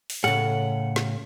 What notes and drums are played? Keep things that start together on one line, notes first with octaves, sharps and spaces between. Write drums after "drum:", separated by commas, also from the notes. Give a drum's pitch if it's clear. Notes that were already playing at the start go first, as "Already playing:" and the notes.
drum: open hi-hat
A2 C#3 F#5, drum: rim click
drum: snare